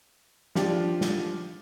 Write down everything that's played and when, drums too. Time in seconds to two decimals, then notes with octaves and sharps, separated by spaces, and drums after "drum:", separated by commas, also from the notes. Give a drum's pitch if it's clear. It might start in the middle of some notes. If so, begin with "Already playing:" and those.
0.55 F3 D4 F4 G4, drum: snare
1.01 drum: snare